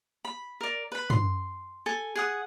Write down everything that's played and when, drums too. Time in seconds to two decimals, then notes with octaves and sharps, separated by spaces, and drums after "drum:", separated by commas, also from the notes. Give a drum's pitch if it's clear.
0.25 B5
0.61 A#4 D5
0.92 B4 B5
1.10 C6, drum: tom F#2
1.86 A4 G#5
2.16 G#4 F#5 D#6